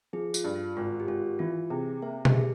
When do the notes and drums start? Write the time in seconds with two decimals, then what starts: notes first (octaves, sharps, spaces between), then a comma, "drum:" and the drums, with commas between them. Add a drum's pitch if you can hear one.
0.13 F3 G#4
0.34 F4, drum: tambourine
0.44 G2
0.56 F4
0.77 G#1 F4
1.00 G4
1.07 G#1 F4
1.39 E3 F4
1.70 C3 G#4
2.02 A#3 E5
2.25 G4, drum: tom B2
2.34 G#4